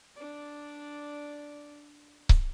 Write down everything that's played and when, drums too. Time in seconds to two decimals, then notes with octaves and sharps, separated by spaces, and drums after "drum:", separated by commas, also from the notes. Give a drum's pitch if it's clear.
0.16 D4 D5
2.29 drum: kick C#1